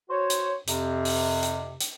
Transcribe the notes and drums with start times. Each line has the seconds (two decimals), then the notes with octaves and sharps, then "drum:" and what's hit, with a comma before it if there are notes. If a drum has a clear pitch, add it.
0.10 F#4 C5 C#5
0.30 drum: hi-hat
0.67 F2 C3, drum: hi-hat
1.05 drum: open hi-hat
1.43 drum: hi-hat
1.80 drum: hi-hat